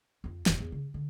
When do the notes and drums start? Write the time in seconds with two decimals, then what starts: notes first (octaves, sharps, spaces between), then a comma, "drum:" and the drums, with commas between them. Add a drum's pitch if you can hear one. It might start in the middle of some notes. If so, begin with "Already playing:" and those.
0.24 F2 F4
0.46 E1 A1, drum: snare
0.60 E2
0.72 C#3
0.94 D3